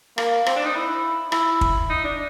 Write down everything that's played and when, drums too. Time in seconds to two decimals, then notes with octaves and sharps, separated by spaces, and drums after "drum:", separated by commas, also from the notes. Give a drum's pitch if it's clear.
0.18 A#3, drum: rim click
0.46 C4, drum: rim click
0.56 D4
0.65 D#4
0.75 E4
1.32 E4, drum: rim click
1.61 drum: kick
1.90 D#4
2.04 D4